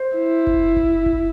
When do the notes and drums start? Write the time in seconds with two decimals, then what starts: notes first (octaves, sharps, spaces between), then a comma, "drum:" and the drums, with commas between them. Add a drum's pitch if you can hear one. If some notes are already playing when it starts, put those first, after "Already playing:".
Already playing: C5
0.17 E4
0.47 drum: kick F#1
0.76 drum: kick F#1
1.06 drum: kick F#1